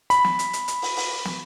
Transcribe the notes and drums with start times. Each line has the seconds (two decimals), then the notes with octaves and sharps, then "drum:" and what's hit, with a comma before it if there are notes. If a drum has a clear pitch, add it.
0.10 B5, drum: hi-hat
0.25 drum: snare
0.39 drum: hi-hat
0.53 drum: hi-hat
0.68 drum: hi-hat
0.82 drum: open hi-hat
0.97 drum: open hi-hat
1.25 drum: snare